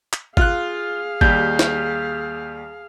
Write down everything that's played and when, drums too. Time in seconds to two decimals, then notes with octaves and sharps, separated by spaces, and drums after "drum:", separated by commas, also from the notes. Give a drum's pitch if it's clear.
0.13 drum: clap
0.37 F4 G#4 F5 F#6, drum: kick G#1
1.21 D#2 G3 G6, drum: kick G#1
1.59 drum: snare